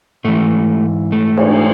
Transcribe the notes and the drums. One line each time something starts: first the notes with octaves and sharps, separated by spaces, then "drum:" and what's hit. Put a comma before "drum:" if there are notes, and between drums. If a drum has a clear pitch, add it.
G#2 E3 A3
A3
drum: cymbal